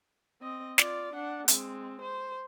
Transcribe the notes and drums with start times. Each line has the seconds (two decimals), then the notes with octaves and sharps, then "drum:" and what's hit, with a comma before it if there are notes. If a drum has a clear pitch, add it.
0.41 C4 D#5
0.78 F4 D5, drum: snare
1.15 D4 F#5
1.48 G#3 C4, drum: hi-hat
2.02 C5